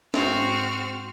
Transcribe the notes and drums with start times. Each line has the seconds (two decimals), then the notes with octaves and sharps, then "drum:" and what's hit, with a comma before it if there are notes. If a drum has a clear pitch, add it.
0.14 G#2 C4 F#4 F6, drum: snare